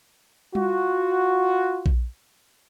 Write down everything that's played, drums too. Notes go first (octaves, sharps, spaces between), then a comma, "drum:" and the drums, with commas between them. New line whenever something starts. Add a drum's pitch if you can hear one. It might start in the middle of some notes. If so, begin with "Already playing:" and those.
F4 F#4, drum: tom G3
drum: kick A#1